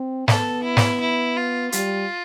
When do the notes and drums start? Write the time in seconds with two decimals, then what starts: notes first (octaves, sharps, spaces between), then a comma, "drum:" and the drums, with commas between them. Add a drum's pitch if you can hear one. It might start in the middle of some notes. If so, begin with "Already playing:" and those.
Already playing: C4
0.28 B3 A4, drum: snare
0.64 E4
0.77 drum: snare
1.01 E4
1.37 F4
1.72 G3 F4, drum: hi-hat